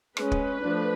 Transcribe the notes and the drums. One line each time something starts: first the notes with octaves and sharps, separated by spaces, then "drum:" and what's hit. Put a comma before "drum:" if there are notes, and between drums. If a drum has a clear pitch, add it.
G#3 C#4 B4, drum: rim click
drum: kick
F3 A3 D4